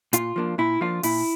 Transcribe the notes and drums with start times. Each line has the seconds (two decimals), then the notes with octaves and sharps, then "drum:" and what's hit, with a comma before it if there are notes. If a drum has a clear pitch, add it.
0.13 A#2 F4, drum: hi-hat
0.36 F3 A#3 D4
0.58 A#2 E4
0.81 F3 A#3 D4 F4
1.03 A#2 E4, drum: open hi-hat